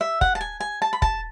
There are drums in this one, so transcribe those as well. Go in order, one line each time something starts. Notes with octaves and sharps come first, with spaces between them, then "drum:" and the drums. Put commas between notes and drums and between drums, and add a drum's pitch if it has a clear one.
E5
F#5, drum: kick
A5
G#5
G#5
A5
B5
A5, drum: kick